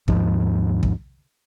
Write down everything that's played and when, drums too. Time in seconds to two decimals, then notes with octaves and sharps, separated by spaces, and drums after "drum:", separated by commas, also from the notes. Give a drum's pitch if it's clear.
0.08 D#2 G#2 F3, drum: kick
0.83 drum: kick